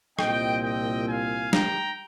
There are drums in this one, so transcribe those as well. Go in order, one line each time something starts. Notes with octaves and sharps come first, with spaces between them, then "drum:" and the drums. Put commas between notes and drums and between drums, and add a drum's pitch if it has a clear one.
C2 A#2 F3 C4 D#5 G5, drum: rim click
D#5 G5
F5 G#5
G5 A#5, drum: snare